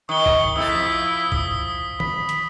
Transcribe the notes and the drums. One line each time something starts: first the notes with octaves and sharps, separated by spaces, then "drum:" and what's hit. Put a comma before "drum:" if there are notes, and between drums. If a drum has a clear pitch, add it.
D#3 C#6 D#6 G7
drum: kick
C3 A3 E4 A4 D#6
F3 B6
D#6, drum: kick
B5, drum: tom
drum: hi-hat